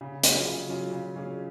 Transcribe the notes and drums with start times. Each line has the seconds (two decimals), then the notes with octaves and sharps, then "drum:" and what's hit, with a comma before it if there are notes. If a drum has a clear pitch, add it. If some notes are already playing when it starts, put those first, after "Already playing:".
0.01 C#3
0.23 F#3 C#4 F4 G#4, drum: hi-hat
0.46 C#3
0.69 F#3 C#4 F4 G#4
0.91 C#3
1.15 F#3 C#4 F4 G#4